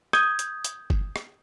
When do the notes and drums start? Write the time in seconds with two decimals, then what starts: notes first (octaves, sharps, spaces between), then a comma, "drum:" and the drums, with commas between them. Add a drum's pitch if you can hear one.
0.13 D#6 G6 G#6, drum: rim click
0.39 drum: hi-hat
0.64 drum: hi-hat
0.90 drum: kick F#1
1.16 drum: rim click